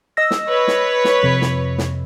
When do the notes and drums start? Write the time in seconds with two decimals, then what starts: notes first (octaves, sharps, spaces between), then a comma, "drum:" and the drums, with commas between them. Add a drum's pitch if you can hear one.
0.17 D#5 E6 A#6
0.31 drum: snare
0.49 B4 C#5
0.68 drum: snare
1.05 drum: snare
1.23 F2 C3
1.41 drum: snare
1.78 drum: snare